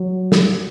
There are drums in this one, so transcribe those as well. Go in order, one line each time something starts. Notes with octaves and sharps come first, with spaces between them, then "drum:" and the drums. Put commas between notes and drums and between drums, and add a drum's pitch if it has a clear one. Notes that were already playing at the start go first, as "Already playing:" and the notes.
Already playing: F#3
drum: snare